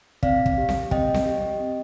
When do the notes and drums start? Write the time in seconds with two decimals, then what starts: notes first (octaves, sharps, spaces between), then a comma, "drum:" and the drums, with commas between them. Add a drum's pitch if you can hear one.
0.23 C4 D5 F5, drum: kick
0.46 drum: kick
0.58 G4
0.69 drum: snare C4
0.91 C4 D#5 G5, drum: kick
1.14 drum: snare C4
1.25 G4
1.60 C4